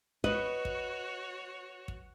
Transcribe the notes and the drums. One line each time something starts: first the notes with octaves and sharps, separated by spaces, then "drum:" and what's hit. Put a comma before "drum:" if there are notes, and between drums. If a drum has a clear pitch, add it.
F#4 B4 C#5 D#5, drum: kick
drum: kick
drum: kick